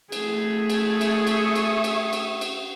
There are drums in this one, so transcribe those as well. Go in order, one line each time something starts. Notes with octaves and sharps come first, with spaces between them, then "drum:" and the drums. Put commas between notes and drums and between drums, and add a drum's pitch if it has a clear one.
A3 G#4, drum: cymbal
drum: cymbal
E5 C#6 D#6, drum: cymbal
drum: cymbal
drum: cymbal
drum: cymbal
drum: cymbal
drum: cymbal